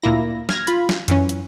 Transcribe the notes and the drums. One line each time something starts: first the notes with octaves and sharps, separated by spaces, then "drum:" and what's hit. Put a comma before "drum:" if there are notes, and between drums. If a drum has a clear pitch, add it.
D2 A#2 A#3 E4 A#6
F6 G#6 A#6, drum: snare
F4 B5, drum: hi-hat
drum: snare
F#2 E3 C#4, drum: hi-hat
drum: hi-hat